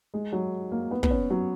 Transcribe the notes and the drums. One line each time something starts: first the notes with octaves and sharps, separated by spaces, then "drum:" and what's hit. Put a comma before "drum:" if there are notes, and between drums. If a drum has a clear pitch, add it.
G#3
F#3
A#3
B3
B3, drum: kick
C#4
F#3